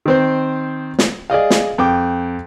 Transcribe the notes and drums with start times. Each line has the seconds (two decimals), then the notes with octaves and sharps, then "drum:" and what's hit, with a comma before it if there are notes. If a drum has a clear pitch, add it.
0.06 D#3 C4 C5
0.99 drum: snare
1.30 G#4 D5 D#5 F5
1.50 drum: snare
1.78 F2 G5 D6